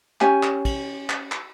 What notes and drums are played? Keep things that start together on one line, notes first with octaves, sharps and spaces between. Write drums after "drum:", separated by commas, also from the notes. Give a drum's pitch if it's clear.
C#4 G4 G#5, drum: clap
drum: clap
drum: kick, cymbal
drum: clap
drum: clap